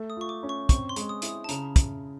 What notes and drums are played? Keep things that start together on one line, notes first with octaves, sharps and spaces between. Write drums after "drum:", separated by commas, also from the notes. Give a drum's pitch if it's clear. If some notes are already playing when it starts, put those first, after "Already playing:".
Already playing: A3
D#6
F4 C#6
D6
C#4
C#6
C4 C#6, drum: kick, hi-hat
C6
G#3, drum: hi-hat
D#6
E4, drum: hi-hat
D#6
A5
C#3 A#5, drum: hi-hat
drum: kick, hi-hat